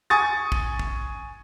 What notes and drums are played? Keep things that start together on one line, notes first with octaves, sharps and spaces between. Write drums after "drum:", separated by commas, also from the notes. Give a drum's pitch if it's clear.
G#5 C#6 D#6 A6
drum: kick
drum: kick